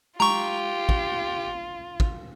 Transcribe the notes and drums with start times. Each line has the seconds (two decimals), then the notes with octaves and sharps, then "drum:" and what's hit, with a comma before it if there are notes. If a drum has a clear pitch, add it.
0.20 F4 G4 A#5 C#6, drum: tom G#3
0.89 drum: kick
2.00 drum: kick